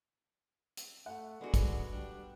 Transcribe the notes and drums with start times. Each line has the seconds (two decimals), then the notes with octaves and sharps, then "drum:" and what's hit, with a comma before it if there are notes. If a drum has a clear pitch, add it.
0.77 drum: hi-hat
1.06 A3 F#5
1.41 D3 G#3 B3 F#4
1.54 drum: kick, hi-hat
1.92 G3 D4